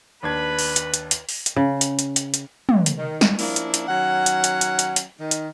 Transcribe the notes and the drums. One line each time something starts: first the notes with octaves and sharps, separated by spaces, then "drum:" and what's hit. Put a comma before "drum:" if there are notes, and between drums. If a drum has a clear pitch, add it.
D#2 D4 B4 B5 G#6
drum: open hi-hat
drum: hi-hat
drum: hi-hat
drum: hi-hat
drum: open hi-hat
drum: hi-hat
C#3
drum: hi-hat
drum: hi-hat
drum: hi-hat
drum: hi-hat
drum: tom
drum: hi-hat
D#3
drum: snare
F3 A#3 C#4 D4 E4 A#4, drum: open hi-hat
drum: hi-hat
drum: hi-hat
D#3 F#3 C#4 F#5
drum: hi-hat
drum: hi-hat
drum: hi-hat
drum: hi-hat
drum: hi-hat
D#3 D#4
drum: hi-hat